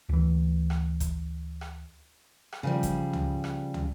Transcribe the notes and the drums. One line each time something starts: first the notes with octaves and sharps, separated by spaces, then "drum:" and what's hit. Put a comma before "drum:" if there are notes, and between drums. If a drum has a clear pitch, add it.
D2 E3
drum: rim click
drum: kick G#1, hi-hat
drum: rim click
drum: rim click
C#3 F3 G3
drum: kick G#1, hi-hat
drum: tom
drum: rim click
drum: tom